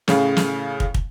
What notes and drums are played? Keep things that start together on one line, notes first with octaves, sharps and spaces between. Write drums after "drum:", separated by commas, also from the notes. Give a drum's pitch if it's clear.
A2 C#3 F5, drum: snare
drum: snare
drum: kick
drum: kick